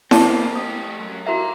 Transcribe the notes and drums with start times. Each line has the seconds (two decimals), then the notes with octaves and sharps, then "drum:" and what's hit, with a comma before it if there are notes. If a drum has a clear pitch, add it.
0.11 A#3 C4 A5 D6, drum: snare E4
0.56 A3 G4 D#6
0.99 F#2 F#3
1.26 F#4 A#4 E5 F5 A#5